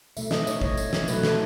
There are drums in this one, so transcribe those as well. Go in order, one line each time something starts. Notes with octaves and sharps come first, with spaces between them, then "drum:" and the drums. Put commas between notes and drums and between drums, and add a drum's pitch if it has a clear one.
B2 A3 E5, drum: tambourine
D#5, drum: snare
C#5, drum: tambourine
C#5, drum: kick
drum: tambourine
drum: snare
B2 F#3 A3 B4, drum: tambourine
A4, drum: snare